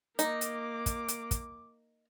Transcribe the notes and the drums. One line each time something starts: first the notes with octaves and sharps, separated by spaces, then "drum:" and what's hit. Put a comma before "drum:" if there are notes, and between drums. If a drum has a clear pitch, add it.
A#3 D#4 D6, drum: hi-hat
drum: hi-hat
drum: kick, hi-hat
drum: hi-hat
drum: kick, hi-hat